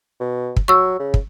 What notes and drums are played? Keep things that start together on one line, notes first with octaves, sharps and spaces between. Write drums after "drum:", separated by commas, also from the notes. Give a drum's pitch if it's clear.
B2
drum: kick
F#3 C#6 E6
C#3
drum: kick